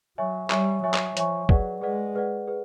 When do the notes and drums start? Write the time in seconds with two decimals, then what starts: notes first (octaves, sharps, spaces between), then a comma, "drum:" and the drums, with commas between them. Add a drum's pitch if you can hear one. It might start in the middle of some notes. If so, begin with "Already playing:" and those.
0.18 F#3 C#5 E5 G#5 C#6
0.50 G3 C#5 E5 G#5 C#6, drum: clap
0.83 F#3 C#5 E5 G#5 C#6
0.94 drum: clap
1.17 F3 C#5 E5 G#5 C#6, drum: hi-hat
1.49 F#3 G#4 B4 D5 F#5, drum: kick
1.81 G#3 G#4 B4 D5 F#5
2.15 G#4 B4 D5 F#5
2.47 G#4 B4